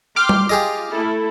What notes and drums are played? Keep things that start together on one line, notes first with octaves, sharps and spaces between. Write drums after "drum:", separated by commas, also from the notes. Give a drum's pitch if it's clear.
G5 C6 D6 F6
drum: tom G3
F4 G4 G#4 D#5
A3 E4 A4